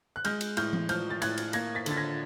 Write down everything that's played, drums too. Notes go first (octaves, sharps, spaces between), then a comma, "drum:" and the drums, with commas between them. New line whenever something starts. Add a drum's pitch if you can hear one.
F#6
G#3 F6 G6, drum: cymbal
drum: cymbal
A2 F6 G6, drum: cymbal
drum: tom E3
F3 F6 G6, drum: cymbal
A6
A2 F#6 G#6, drum: cymbal
drum: cymbal
A#3 G#6 A#6, drum: cymbal
A6 B6
D3 A6, drum: cymbal
G#6 A#6